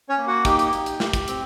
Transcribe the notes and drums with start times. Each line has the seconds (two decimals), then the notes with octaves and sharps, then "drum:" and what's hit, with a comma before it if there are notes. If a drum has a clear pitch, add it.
0.09 C#4 C#5
0.18 A#3
0.27 F#4 F#5
0.45 D#4 G4 G5, drum: kick, hi-hat
0.59 drum: hi-hat
0.73 D#4, drum: hi-hat
0.86 drum: hi-hat
1.00 G4, drum: snare
1.13 drum: kick, hi-hat
1.28 C4, drum: hi-hat